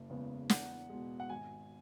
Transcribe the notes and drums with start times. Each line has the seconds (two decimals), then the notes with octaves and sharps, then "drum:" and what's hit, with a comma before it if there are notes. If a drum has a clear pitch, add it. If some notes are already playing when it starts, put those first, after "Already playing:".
Already playing: F#1
0.10 E2 C#3 G#3 B3
0.50 E2 F#5, drum: snare
0.89 B2 G#3
1.20 F#5
1.29 G#1 G#5